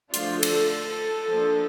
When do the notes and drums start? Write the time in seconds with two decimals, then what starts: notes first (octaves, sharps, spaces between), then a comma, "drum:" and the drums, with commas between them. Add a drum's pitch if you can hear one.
0.14 D3 F3 A3 D4 F4, drum: hi-hat
0.43 A4, drum: cymbal
1.30 F3 A#3 D4